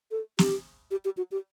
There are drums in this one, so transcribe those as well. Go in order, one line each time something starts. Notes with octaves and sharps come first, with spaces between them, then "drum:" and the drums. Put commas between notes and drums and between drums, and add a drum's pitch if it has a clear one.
A4
G4, drum: snare
G4
G4
F#4
G4